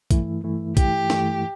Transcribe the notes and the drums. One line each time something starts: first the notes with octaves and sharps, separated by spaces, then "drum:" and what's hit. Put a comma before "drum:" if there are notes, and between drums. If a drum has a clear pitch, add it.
G2 E3 A3 E4, drum: kick A#1, hi-hat
G2 E3 A3 E4
G2 E3 A3 E4 G4, drum: kick A#1, hi-hat
G2 E3 A3 E4, drum: snare